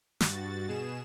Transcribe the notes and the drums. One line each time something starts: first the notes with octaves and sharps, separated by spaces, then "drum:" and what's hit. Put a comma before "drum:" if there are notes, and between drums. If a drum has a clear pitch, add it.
G2 F#4 A6, drum: snare
B2 G#4 E7